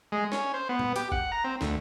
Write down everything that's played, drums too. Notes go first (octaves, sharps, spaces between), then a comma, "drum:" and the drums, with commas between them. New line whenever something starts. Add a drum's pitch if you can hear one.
G#3
C#4, drum: snare
C5
B3
drum: tom A#2
G4, drum: hi-hat
F#5, drum: kick G1
A#5
C4
D2, drum: snare